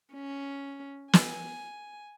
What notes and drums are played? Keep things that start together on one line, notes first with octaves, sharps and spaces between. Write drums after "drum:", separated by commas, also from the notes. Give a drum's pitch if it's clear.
C#4
G#5, drum: snare